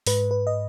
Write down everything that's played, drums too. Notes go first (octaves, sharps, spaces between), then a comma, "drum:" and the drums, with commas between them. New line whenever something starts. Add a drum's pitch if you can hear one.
G#2 B4, drum: open hi-hat
B4
D#5